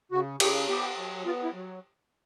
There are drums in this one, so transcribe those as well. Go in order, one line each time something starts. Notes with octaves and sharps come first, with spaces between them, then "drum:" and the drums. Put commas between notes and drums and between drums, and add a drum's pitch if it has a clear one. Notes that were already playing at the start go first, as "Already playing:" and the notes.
C#3 F#4
C#3 G4, drum: cymbal
B3 G4
F#3
B3 F4
E4
F#3